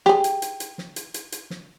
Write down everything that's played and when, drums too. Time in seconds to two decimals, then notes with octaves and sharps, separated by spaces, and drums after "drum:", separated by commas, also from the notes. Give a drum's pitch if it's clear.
0.06 G4 G#4, drum: snare
0.24 drum: hi-hat
0.42 drum: hi-hat
0.60 drum: hi-hat
0.78 drum: snare
0.96 drum: hi-hat
1.14 drum: hi-hat
1.32 drum: hi-hat
1.50 drum: snare